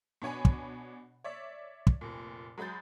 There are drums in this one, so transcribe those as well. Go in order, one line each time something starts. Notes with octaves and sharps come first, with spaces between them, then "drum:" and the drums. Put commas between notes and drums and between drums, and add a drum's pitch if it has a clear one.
B2 D4 C#5 G#5 B5
drum: kick
C#5 D5 E5
drum: kick
F1 A#2
F#3 G#3 B5 G6 A6